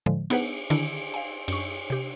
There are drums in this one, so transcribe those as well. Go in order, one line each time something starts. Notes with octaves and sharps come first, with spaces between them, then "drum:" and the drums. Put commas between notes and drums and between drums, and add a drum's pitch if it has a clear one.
A2 D3 F3 G#3
B3 D#4 G#4 B4 C5 F#5, drum: cymbal
D3 D#3 D4 E4, drum: cymbal
F5 G#5
F#2 C#6, drum: cymbal
C3 G4